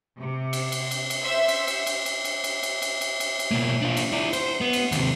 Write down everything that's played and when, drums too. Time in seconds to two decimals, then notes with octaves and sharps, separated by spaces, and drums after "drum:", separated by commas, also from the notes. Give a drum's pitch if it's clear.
0.19 C3
0.53 drum: cymbal
0.72 drum: cymbal
0.91 drum: cymbal
1.10 drum: cymbal
1.23 C5 E5 E6
1.48 drum: cymbal
1.67 drum: cymbal
1.87 drum: cymbal
2.06 drum: cymbal
2.25 drum: cymbal
2.44 drum: cymbal
2.63 drum: cymbal
2.82 drum: cymbal
3.01 drum: cymbal
3.20 drum: cymbal
3.39 drum: cymbal
3.51 B2 A#3
3.82 D4 F4
3.97 drum: cymbal
4.13 E4 D5
4.33 C5, drum: cymbal
4.61 B3
4.73 drum: cymbal
4.92 D#2 C3, drum: cymbal